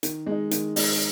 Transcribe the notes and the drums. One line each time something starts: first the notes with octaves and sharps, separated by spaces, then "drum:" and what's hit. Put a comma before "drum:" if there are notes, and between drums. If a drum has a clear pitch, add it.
D#3, drum: hi-hat
G#3 D#4
D#3, drum: hi-hat
G#3 D#4, drum: open hi-hat